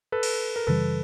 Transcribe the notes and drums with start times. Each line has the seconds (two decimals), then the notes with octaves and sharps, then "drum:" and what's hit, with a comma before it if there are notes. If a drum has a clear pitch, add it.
0.12 A4 B4
0.23 drum: cymbal
0.56 A#4
0.67 F#2 C#3 E3 G3 A4 B4